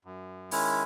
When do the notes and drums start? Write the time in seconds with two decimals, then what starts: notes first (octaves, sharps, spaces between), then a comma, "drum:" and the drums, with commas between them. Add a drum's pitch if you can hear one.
0.05 F#2
0.51 D#3 G#3 C#4 E4, drum: open hi-hat